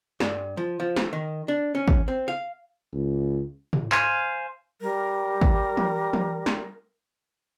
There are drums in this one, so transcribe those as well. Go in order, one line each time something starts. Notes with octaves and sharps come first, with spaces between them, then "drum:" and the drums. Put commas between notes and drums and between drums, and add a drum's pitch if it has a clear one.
G2, drum: snare
F3
F3
drum: snare
D#3
D4
C#4
drum: kick
C4
F5
C#2
drum: tom
C5 F5 G#5, drum: clap
G3 A#4
drum: kick
drum: tom E3
drum: tom E3
drum: snare